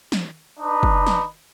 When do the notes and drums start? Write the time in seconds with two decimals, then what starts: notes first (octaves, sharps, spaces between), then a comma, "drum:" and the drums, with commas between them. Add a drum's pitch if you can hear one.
0.12 drum: snare
0.59 D4 D#4 B4
0.83 drum: kick
1.07 drum: snare